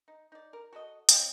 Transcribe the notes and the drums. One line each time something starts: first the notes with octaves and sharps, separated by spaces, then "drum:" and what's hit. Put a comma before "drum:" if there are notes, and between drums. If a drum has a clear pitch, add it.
D#4
D#4 D5
A#4
F#4 A4 B4 D#5
C4 C#4 F4 D#5, drum: hi-hat